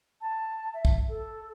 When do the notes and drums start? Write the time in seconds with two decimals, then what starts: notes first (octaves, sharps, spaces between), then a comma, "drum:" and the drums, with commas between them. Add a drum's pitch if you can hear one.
0.21 A5
0.74 E5
0.85 drum: kick
1.09 A4